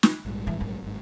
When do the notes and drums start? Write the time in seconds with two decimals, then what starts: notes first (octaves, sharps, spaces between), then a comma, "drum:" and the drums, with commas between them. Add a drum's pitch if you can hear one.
0.03 drum: snare
0.25 A#1 G#2 G3
0.47 E3
0.60 F#3 A#3
0.82 G1 G#2